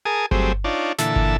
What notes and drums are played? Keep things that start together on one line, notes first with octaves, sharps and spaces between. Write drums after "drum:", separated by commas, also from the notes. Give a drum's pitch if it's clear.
G#4 A#4 G#5 A5 D#6
F#3 G3 A3 C4 G#4 C5, drum: kick G1
D4 D#4 F4 C#5 D5 A5
A#2 D3 E3 A4 E5 A5, drum: snare
drum: kick G1